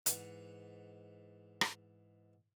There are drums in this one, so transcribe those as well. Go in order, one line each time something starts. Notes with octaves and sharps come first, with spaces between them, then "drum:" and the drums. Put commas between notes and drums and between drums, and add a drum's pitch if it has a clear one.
G#2 E3 F#5, drum: hi-hat
drum: rim click